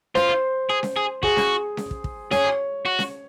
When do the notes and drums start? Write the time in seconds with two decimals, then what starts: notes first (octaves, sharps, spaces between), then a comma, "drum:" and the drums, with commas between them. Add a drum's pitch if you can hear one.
0.15 F4 C5, drum: snare C#4
0.70 G#4
0.83 drum: snare C#4
0.96 G#4
1.23 F#4 G#4, drum: kick
1.37 drum: snare C#4
1.77 drum: snare C#4
1.91 drum: kick
2.04 drum: kick
2.31 G#4 C#5, drum: snare C#4
2.85 F#4
2.99 drum: snare C#4